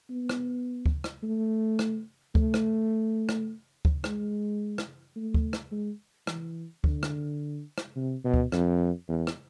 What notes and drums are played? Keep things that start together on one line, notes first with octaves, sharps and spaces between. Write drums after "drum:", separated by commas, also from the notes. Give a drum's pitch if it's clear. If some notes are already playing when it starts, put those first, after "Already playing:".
B3
drum: rim click
drum: kick D2
drum: rim click
A3
drum: rim click
A3, drum: kick D2
drum: rim click
drum: rim click
drum: kick D2
G#3, drum: rim click
drum: rim click
A3
drum: kick D2
drum: rim click
G#3
E3, drum: rim click
D3, drum: kick D2
drum: rim click
drum: rim click
C3
B2
drum: kick D2
F2, drum: rim click
E2
drum: rim click